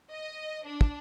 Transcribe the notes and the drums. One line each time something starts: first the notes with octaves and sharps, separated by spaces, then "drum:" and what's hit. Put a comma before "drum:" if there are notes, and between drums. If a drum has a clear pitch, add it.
D#5
D4
drum: kick